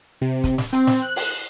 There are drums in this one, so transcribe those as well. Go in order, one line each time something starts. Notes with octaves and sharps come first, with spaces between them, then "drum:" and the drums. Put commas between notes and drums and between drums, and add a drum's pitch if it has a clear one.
C3
drum: kick, hi-hat
drum: snare
C4, drum: hi-hat
drum: snare
F#6
drum: open hi-hat